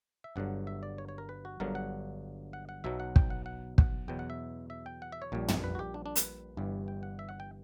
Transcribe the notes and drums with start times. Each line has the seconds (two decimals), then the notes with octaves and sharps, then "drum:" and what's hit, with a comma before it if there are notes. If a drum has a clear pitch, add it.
0.24 E5
0.36 G1 G2 D3 F#3 F#5
0.67 E5
0.83 D5
0.98 C#5
1.09 C#5
1.18 A#4
1.29 B4
1.45 F#4
1.60 G1 G2 D3 F#3 A#4
1.75 F#5
2.53 F#5
2.69 F#5
2.84 B1 B2 F#3 E5
3.00 F#5
3.16 G5, drum: kick
3.30 F#5
3.46 F#5
3.78 F#5, drum: kick
4.08 E2 B2 F#3 G5
4.19 F#5
4.30 E5
4.70 E5
4.86 G5
5.02 F#5
5.12 E5
5.22 C#5
5.32 A#1 A#2 G3
5.48 drum: tom
5.64 B4
5.75 F#4
5.79 G4
5.94 D4
6.06 D4
6.16 B4, drum: hi-hat
6.57 G1 G2 E3 G3
6.88 G5
7.03 F#5
7.19 E5
7.29 F#5
7.40 G5